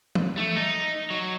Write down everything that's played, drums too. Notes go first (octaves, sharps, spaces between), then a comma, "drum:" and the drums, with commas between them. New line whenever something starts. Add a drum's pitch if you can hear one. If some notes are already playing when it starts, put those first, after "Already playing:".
drum: tom E3
A3
D#4
F#3